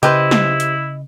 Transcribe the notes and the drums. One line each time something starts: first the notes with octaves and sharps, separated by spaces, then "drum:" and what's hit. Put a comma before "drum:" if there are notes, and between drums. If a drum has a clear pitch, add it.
C#3 E4 G4 B4 C5 D#5, drum: hi-hat
drum: snare
drum: hi-hat